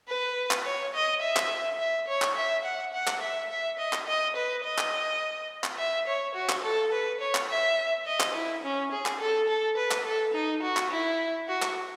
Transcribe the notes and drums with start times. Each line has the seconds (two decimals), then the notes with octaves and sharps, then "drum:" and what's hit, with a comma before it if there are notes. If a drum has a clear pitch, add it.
0.08 B4
0.51 drum: clap
0.65 C#5
0.94 D#5
1.22 E5
1.36 drum: clap
1.79 E5
2.08 C#5
2.22 drum: clap
2.36 E5
2.65 F#5
2.93 F#5
3.07 drum: clap
3.21 E5
3.50 E5
3.79 D#5
3.93 drum: clap
4.07 D#5
4.36 B4
4.64 D#5
4.78 drum: clap
5.64 drum: clap
5.78 E5
6.07 C#5
6.35 F#4
6.49 drum: clap
6.64 A4
6.92 B4
7.20 C#5
7.35 drum: clap
7.49 E5
8.06 D#5
8.20 drum: clap
8.35 E4
8.63 C#4
8.92 G#4
9.06 drum: clap
9.20 A4
9.49 A4
9.77 B4
9.91 drum: clap
10.05 A4
10.34 D#4
10.62 F#4
10.77 drum: clap
10.91 E4
11.48 F#4
11.62 drum: clap